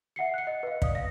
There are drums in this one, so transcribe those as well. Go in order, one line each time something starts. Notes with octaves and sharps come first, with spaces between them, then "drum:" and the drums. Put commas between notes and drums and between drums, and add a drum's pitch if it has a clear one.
E5 F#5 C7 C#7
F#6 C#7
D#5
B4 F5
D5 F5 D#6, drum: kick
F5 A#6